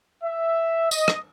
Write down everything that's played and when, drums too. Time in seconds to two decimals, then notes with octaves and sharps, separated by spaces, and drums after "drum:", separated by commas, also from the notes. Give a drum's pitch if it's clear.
0.23 E5
0.91 D#5, drum: tambourine
1.08 drum: rim click